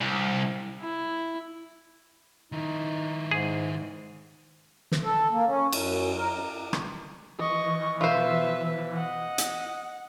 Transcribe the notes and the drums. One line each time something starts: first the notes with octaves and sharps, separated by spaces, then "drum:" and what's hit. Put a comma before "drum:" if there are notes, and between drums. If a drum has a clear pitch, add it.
C2
E4
D#3 D#4 E4
G#2 G#3 G#4
drum: snare
A4
A#3
C#4
F#2, drum: cymbal
A#4
F#2
drum: rim click
E3 D#5 C#6
B2 F3 F4 B4 C5 E5
D#5 F#5
drum: hi-hat